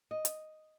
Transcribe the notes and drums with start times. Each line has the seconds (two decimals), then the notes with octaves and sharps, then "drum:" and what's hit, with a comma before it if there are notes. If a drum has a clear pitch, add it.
0.11 D#5
0.25 drum: hi-hat